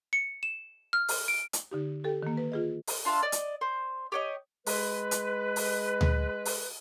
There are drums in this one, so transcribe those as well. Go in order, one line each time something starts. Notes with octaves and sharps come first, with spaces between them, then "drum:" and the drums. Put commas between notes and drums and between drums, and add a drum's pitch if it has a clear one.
C#7
E7
F6
drum: open hi-hat
D7
drum: hi-hat
D3 D#4 G4
G4 A4 G5
D#3 A#3
B4
F4 G#4 D#5
drum: open hi-hat
D4 F4 E5 A5
D5 D#5
drum: hi-hat
C5
G4 C#5 D#5
G#3 B4, drum: open hi-hat
drum: hi-hat
drum: open hi-hat
drum: tom D2
drum: open hi-hat